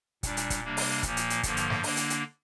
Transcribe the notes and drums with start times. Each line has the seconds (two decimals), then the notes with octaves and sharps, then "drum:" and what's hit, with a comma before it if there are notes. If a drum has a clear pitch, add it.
0.23 A#2 G3 D4, drum: kick, hi-hat
0.37 drum: hi-hat
0.50 drum: kick, hi-hat
0.63 C3 G3 A#3 D4
0.77 drum: open hi-hat
1.03 A#2 F3 A#3, drum: kick, hi-hat
1.17 drum: hi-hat
1.30 drum: hi-hat
1.43 G2 D3 F3 A#3, drum: kick, hi-hat
1.57 drum: hi-hat
1.70 drum: snare
1.83 D3 A#3 D4, drum: open hi-hat
1.97 drum: hi-hat
2.10 drum: hi-hat